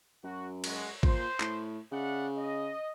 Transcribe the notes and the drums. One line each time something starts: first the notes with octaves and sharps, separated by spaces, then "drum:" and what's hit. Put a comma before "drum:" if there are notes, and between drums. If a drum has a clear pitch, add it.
F#2 F#4
G#3 F#4, drum: cymbal
A#2 C5, drum: kick G#1
A2, drum: clap
C#3 D5 E5 F#5
D#5